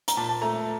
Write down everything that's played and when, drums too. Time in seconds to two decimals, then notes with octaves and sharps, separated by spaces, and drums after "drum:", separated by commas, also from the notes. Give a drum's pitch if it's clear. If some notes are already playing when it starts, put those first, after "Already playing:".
0.08 A#5, drum: hi-hat
0.17 A#2 A5
0.29 A5
0.42 A3 A#5